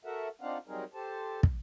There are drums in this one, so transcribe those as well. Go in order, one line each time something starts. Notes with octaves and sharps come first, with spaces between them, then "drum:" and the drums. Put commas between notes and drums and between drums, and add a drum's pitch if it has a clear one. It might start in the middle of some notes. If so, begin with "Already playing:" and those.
F#4 A4 A#4 E5 F#5
C4 D4 D#4 F4 F5 F#5
F#3 G3 C4 D#4 G#4 A#4
G4 A4 C5 A5
drum: kick